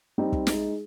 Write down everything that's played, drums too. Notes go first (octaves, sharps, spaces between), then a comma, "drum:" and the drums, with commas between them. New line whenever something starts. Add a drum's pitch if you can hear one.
G3 C4 D#4 G4
drum: kick
G#3 D#4 G#4, drum: snare